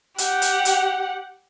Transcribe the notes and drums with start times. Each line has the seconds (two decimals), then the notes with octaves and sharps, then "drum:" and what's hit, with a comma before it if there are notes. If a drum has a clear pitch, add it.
0.18 G4 F#5, drum: hi-hat
0.42 drum: hi-hat
0.65 drum: hi-hat